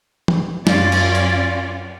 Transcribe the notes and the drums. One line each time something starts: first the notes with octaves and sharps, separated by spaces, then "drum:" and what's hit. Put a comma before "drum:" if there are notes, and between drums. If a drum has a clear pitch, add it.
drum: tom
F#2 C#4 F4 D5, drum: snare
drum: cymbal
drum: hi-hat